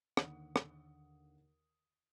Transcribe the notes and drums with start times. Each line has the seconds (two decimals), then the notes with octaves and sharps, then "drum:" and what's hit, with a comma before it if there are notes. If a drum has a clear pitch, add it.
0.17 D#2 D3 F#5 D#6, drum: rim click
0.56 drum: rim click